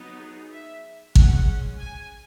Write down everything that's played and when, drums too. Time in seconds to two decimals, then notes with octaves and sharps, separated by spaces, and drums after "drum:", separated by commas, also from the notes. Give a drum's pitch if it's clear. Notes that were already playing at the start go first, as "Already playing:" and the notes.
Already playing: F#3 B3 D#4
0.20 G#4
0.52 E5
1.15 G#3 C#4 F#5, drum: kick
1.80 G#5